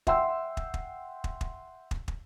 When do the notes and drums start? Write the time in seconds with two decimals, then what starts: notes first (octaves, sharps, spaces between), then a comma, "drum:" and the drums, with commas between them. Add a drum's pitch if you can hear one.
0.07 E5 F#5 G5 C6 E6, drum: kick
0.57 drum: kick
0.74 drum: kick
1.24 drum: kick
1.41 drum: kick
1.91 drum: kick
2.08 drum: kick